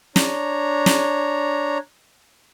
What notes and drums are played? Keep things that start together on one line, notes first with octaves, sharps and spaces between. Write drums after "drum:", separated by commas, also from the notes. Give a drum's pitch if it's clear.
D4 C#5 A#5, drum: snare
drum: snare